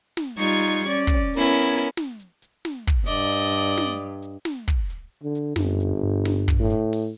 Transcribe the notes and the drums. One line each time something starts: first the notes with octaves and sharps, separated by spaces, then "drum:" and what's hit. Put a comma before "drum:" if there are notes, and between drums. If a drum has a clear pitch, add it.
drum: snare
G3 D#4 F4 C#6 G#6, drum: hi-hat
drum: hi-hat
C#4 D5
drum: kick, hi-hat
B3 C#4 E4 A#4
drum: open hi-hat
drum: hi-hat
drum: snare
drum: hi-hat
drum: hi-hat
drum: snare
drum: kick, hi-hat
G2 D5 D#5, drum: hi-hat
drum: open hi-hat
drum: hi-hat
drum: snare
drum: hi-hat
drum: snare
drum: kick, hi-hat
drum: hi-hat
D3
drum: hi-hat
G1 F#2, drum: snare
drum: hi-hat
G2
drum: snare
drum: kick, hi-hat
A2
drum: hi-hat
drum: open hi-hat